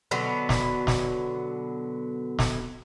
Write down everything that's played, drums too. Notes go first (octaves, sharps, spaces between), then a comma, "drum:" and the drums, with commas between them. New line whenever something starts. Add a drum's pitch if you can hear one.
B2 D3 F#3 B3
drum: snare
drum: snare
drum: snare